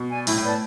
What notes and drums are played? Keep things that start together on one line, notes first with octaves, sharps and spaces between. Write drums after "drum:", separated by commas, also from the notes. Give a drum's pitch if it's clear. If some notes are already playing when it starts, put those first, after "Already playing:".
Already playing: B2
D5 G#5
A2 E4, drum: open hi-hat
A2
B4 D5 A5